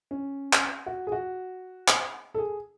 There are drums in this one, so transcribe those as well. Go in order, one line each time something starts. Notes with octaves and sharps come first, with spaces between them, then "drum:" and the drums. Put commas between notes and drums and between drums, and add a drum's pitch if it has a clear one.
C#4
drum: clap
F#4
G#4
F#4
drum: clap
A4
G#4